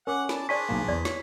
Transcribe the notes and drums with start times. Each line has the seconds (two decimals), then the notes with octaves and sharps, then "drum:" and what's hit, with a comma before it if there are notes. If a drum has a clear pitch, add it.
0.07 C#4 A#4 F#5 D6
0.29 D5 A5 B5, drum: snare
0.49 D4 G#4 C5 D5 A5 C#6 B6
0.69 B1 A#3
0.88 E2 D5
1.05 C#5, drum: snare